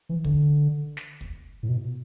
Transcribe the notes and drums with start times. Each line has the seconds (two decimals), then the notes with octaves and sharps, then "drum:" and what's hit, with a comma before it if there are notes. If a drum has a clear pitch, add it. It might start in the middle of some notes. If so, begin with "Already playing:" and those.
0.09 E3
0.24 D3, drum: kick
0.97 drum: snare
1.21 drum: kick
1.63 A2
1.69 B2